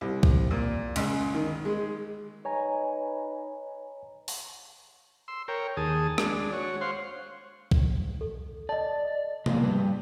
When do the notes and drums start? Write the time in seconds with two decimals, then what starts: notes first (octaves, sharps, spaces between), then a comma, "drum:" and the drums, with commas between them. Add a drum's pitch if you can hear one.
0.01 C2
0.23 drum: kick
0.51 A#2
0.96 C#2, drum: cymbal
1.34 D#3
1.65 G#3
2.45 D#4 B4 C#5 G#5 A#5
4.28 drum: open hi-hat
5.28 C6 E6
5.48 A#4 C#5 G5
5.77 D#2 G#4 A5 D#6
6.18 G#3 D4, drum: rim click
6.53 F#4 C#5
6.81 C5 C#5 F5 F#5 C6
7.71 drum: kick
8.21 A4
8.69 D5 D#5 A5
9.46 F3 G#3 A#3, drum: tom C3
9.63 G3 B4